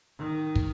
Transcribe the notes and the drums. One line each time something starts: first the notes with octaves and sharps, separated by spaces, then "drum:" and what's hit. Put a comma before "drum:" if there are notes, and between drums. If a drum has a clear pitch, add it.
D#3
drum: kick